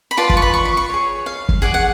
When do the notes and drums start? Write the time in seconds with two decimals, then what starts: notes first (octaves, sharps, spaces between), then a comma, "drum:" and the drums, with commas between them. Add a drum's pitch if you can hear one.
0.11 B5
0.17 F4 B4 D5 A5
0.30 A5, drum: kick
0.37 C#6
0.42 B5
0.54 C#6
0.65 B5
0.77 C#6
0.90 G#4 C#5
1.26 F5
1.49 drum: kick
1.62 G#4 D5 F#5
1.74 F#5